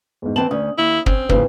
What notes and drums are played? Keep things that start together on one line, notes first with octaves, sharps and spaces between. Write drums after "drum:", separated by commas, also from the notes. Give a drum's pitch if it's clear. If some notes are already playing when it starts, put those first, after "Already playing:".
E2 G#2
E3 C4 B4 A5 F#7
D2 C#4 D#6
D#2 E4
C4 C#4, drum: kick
G#1 D#2 C#3 E3 B4, drum: kick